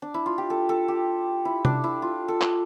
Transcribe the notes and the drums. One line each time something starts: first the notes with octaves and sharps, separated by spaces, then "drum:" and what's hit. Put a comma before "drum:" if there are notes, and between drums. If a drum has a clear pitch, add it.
D4
E4
F4
G4
A4
A4
G4
E4
D4, drum: tom C3
E4
F4
A4
drum: clap